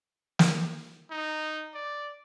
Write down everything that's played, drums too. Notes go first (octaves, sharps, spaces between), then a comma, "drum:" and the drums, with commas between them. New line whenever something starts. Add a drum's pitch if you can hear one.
drum: snare
D#4
D5